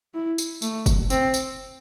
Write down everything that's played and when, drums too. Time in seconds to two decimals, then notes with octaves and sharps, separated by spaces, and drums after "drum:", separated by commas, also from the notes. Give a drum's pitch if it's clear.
0.14 E4
0.38 drum: tambourine
0.62 A3, drum: tambourine
0.86 drum: kick F#1, tambourine
1.10 C4, drum: tambourine
1.34 drum: tambourine